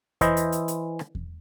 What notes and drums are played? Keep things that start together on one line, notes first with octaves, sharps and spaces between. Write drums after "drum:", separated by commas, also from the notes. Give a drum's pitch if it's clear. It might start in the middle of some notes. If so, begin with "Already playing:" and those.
E3 E4 C5 D#5, drum: kick E2, hi-hat
drum: hi-hat
drum: hi-hat
drum: hi-hat
drum: rim click
drum: kick E2